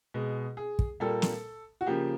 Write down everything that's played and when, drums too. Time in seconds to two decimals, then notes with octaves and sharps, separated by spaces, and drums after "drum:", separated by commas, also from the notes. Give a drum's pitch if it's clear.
0.14 B2 G#3
0.57 G#4
0.79 drum: kick
1.00 A#2 G3 A#3 A4
1.22 drum: snare
1.81 F#4
1.86 C#3 F3 A#3 G4